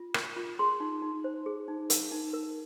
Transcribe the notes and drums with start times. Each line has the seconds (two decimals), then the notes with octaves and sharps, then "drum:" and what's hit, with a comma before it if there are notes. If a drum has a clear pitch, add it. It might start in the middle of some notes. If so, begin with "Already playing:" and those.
Already playing: F4
0.14 A#4, drum: rim click
0.36 F4
0.59 G#4 C6
0.80 D#4
1.02 D#4
1.24 C5
1.46 G#4
1.68 D#4
1.90 A#4, drum: hi-hat
2.12 D#4
2.33 A#4